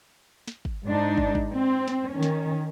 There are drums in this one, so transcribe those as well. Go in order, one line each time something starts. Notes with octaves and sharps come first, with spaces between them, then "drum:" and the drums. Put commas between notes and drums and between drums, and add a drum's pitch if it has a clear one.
drum: snare
drum: kick
G#2 D4 D#4
drum: kick
drum: kick
C4
drum: snare
D#3 C#4
drum: snare